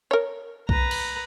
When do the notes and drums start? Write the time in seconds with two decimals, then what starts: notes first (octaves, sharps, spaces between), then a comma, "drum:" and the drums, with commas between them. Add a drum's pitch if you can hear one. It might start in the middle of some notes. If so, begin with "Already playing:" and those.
0.11 A#4 C#5
0.69 B4 A#5, drum: kick B1
0.91 drum: cymbal